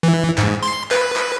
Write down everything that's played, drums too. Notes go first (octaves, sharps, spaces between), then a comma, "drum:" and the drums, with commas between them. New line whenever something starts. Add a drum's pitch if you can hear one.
E3
G#2, drum: clap
C6, drum: hi-hat
B4, drum: clap
drum: clap